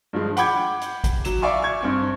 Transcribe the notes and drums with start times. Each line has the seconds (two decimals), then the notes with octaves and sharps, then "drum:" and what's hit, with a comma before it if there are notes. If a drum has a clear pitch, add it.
0.13 G2 F3 G#3
0.37 F#5 G5 B5 D6 G6 G#6, drum: hi-hat
0.81 drum: hi-hat
1.04 drum: kick G#1, hi-hat
1.25 F#3 E7, drum: hi-hat
1.42 D5 E5 F5 G#5 C#6 D6
1.62 C#6 G#6
1.81 G2 C4 C#6